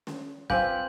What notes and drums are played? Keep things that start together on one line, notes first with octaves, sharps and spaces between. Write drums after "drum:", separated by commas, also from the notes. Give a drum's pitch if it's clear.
drum: snare
C4 F4 B4 F5 G#5 D6 G6 F#7, drum: kick